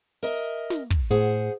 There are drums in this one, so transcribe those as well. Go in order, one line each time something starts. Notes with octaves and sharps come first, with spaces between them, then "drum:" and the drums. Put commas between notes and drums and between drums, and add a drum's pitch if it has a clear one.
A#4 D#5 E5
drum: snare
drum: kick
A2 G#4 C5 F#5, drum: hi-hat